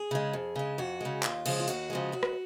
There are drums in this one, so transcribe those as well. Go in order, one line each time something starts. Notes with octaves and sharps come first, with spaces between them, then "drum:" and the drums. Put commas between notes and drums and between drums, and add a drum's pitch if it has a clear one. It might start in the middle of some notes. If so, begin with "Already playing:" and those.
Already playing: G#4
C#3 G#3
F2
C#3 G#3
F2 F#4
C#3 G#3
D#2 F4, drum: clap
C#3 F3 G#3, drum: cymbal
F4
D#2 F#4, drum: hi-hat
C#3 F3 G#3
D#2 F#4
drum: rim click